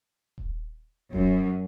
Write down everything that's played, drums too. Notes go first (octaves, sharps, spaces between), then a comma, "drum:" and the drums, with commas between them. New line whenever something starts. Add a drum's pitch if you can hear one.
drum: kick D#1
F#2, drum: kick D#1